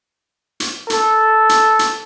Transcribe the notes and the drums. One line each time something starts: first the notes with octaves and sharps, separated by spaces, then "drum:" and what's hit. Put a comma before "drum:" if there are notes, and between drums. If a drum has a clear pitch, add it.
drum: hi-hat
A4, drum: hi-hat
drum: hi-hat
drum: hi-hat